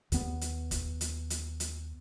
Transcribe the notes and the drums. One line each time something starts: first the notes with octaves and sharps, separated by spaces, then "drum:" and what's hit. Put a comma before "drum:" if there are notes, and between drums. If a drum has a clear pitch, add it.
D#2 B3, drum: hi-hat
drum: hi-hat
drum: kick, hi-hat
drum: hi-hat
drum: hi-hat
drum: hi-hat